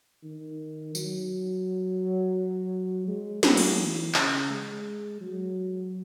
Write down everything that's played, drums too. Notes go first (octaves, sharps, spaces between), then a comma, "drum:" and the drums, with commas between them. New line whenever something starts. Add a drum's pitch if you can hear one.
D#3
F#3, drum: tambourine
G#3
F#3, drum: snare
drum: cymbal
E3
C#3, drum: clap
G#3
F#3